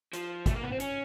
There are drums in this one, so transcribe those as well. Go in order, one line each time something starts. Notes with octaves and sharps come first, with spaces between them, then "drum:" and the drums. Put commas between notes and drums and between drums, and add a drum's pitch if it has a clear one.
F3, drum: hi-hat
A3, drum: kick, hi-hat
A#3
B3
C4
C#4, drum: hi-hat